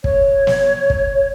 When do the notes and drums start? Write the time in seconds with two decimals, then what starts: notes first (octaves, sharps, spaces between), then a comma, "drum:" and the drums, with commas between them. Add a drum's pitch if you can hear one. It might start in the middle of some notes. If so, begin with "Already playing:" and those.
0.04 C#5, drum: kick
0.47 drum: snare
0.90 drum: kick